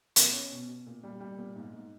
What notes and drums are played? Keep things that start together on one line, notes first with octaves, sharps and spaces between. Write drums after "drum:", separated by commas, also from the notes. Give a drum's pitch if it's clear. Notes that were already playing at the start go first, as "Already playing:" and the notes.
B2, drum: hi-hat
C#4
B2
B2
A#2
G3
G3
A#2
G#2
G#2